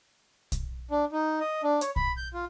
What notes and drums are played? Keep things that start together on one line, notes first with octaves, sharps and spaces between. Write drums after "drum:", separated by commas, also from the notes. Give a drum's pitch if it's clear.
drum: kick B1, hi-hat
D4
D#4
D#5
D4
C#5, drum: hi-hat
B5, drum: kick B1
G6
F4